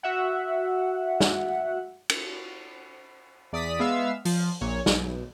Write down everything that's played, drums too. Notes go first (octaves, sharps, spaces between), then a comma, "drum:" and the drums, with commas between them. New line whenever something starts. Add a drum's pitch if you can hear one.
F#4 E5 F#5
drum: snare
drum: cymbal
E2 D5 D#6 B6
G#3 B3 E5 F5 E6
F3, drum: open hi-hat
A#1 A#2 C#5
B1, drum: snare